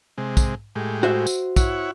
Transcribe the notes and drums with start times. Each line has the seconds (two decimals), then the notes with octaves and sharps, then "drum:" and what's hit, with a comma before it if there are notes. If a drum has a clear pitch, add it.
0.18 C3 G#3
0.37 drum: kick, tambourine
0.75 A2 G#3 G4
1.03 F#4 C5 E5
1.27 drum: tambourine
1.56 E4 C#5 F#5, drum: kick, tambourine